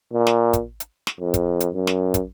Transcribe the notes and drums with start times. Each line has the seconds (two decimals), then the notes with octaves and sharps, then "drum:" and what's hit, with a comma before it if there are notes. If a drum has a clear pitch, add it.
0.13 A#2
0.27 drum: snare
0.53 drum: kick, hi-hat
0.80 drum: hi-hat
1.07 drum: snare
1.20 F2
1.34 drum: kick, hi-hat
1.60 drum: hi-hat
1.74 F#2
1.87 drum: snare
2.14 drum: kick, hi-hat